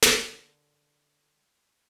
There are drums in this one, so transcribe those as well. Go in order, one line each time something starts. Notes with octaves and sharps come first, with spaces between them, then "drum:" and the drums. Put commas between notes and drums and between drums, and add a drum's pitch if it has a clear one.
D3 G#4 A#4, drum: snare